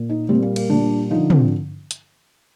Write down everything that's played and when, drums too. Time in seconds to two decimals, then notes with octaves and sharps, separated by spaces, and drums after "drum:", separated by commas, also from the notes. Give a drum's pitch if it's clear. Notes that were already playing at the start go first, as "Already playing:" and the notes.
Already playing: A#2
0.09 D#4
0.29 A#2 G3 C4
0.42 A#3
0.56 A#3, drum: cymbal
0.70 A#2 G3 D4
1.10 D3 F3 D#4
1.30 C4, drum: tom
1.91 drum: hi-hat